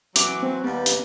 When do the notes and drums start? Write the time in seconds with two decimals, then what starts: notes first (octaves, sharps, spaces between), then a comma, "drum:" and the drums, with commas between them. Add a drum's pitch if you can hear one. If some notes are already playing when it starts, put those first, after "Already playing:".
0.16 E3 F#3 D6, drum: hi-hat
0.43 C4
0.64 D#2 G3 B3
0.86 drum: hi-hat